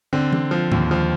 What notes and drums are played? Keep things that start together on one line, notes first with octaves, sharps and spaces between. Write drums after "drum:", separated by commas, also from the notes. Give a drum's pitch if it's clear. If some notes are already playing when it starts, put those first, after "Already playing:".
D3 C4
D3, drum: tom E3
F3
D#2, drum: tom A2
F3